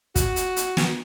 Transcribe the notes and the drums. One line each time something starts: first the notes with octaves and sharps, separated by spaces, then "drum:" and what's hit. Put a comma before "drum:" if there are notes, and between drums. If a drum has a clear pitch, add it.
F#4, drum: kick, hi-hat
drum: hi-hat
drum: hi-hat
drum: snare